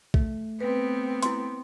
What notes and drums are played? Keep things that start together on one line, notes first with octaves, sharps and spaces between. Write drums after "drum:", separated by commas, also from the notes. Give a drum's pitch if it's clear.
A3, drum: kick A#1
B3 C4 B4
E4 C6, drum: hi-hat